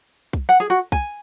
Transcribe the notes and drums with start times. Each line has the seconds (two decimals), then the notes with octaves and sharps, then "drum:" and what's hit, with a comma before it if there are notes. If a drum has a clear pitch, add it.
0.33 drum: kick
0.49 F#5
0.60 G#4
0.70 F#4
0.92 G#5, drum: kick